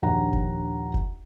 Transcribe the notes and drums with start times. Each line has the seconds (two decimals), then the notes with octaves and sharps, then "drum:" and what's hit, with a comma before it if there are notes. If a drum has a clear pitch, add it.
0.02 A#1 D#2 D4 F#5 A#5
0.33 drum: kick F#1
0.94 drum: kick F#1